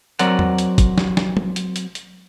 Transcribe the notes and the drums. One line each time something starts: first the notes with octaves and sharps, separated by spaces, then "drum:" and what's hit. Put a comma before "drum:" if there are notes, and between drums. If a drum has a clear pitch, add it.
F#3 C4 A#4 D5 F#5, drum: hi-hat
drum: tom E2
drum: hi-hat
drum: kick G1, hi-hat
drum: snare
drum: snare
drum: tom
drum: hi-hat
drum: hi-hat
drum: hi-hat